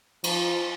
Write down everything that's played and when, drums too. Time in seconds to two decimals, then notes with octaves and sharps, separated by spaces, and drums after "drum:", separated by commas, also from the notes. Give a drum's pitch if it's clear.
0.24 F3, drum: cymbal